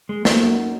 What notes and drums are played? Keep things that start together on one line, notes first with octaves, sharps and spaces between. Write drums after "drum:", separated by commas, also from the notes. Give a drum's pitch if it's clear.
G#3
F#2 F#3 A#3 D#4, drum: snare